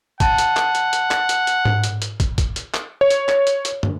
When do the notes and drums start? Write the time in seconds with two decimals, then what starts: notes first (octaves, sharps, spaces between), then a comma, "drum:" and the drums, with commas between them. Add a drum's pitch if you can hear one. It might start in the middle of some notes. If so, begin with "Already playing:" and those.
0.20 F#5 A5, drum: kick, hi-hat
0.38 drum: hi-hat
0.57 drum: clap
0.75 drum: hi-hat
0.93 drum: hi-hat
1.11 drum: clap
1.29 drum: hi-hat
1.47 drum: hi-hat
1.65 drum: tom G#2
1.84 drum: hi-hat
2.02 drum: hi-hat
2.20 drum: kick, hi-hat
2.38 drum: kick, hi-hat
2.56 drum: hi-hat
2.74 drum: clap
3.01 C#5
3.10 drum: hi-hat
3.29 drum: clap
3.47 drum: hi-hat
3.65 drum: hi-hat
3.83 drum: tom